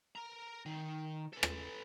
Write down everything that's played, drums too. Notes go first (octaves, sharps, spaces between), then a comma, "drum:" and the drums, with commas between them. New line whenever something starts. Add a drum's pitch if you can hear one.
A#4 A#5
D#3
A4 B4
drum: rim click